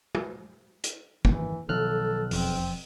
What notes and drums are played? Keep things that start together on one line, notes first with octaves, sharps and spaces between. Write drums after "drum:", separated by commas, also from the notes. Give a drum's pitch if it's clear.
drum: tom
drum: hi-hat
G#1 F#2 D#3 E3, drum: kick
B1 D#3 F3 F#3 A4 F6 F#6
E1 F2 F3 C4, drum: open hi-hat